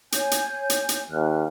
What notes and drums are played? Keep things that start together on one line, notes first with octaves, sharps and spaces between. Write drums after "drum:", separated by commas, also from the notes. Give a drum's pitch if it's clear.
C#5 G#5 G6, drum: hi-hat
drum: hi-hat
drum: hi-hat
drum: hi-hat
D#2 F6 F#6